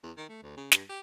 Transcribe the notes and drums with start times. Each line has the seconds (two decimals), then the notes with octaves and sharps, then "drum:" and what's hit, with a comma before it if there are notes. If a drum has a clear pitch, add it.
0.03 E2
0.17 D#3
0.29 A3
0.42 D2
0.57 C#3
0.72 G2, drum: snare
0.89 G4